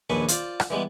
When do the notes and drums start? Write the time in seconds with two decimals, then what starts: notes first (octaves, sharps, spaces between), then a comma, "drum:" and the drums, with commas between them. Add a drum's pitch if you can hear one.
0.10 A#1 D#2 D4 B4 C#5 G#5
0.28 F4 C5 D5, drum: hi-hat
0.60 drum: rim click
0.70 E3 G3 G#3 B3